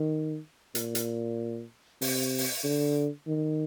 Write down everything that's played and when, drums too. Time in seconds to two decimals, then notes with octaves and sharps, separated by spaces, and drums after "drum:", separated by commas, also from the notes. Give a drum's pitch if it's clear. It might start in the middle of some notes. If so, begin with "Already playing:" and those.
Already playing: D#3
0.75 A#2, drum: hi-hat
0.95 drum: hi-hat
2.01 C3, drum: open hi-hat
2.38 drum: open hi-hat
2.64 D3
3.27 D#3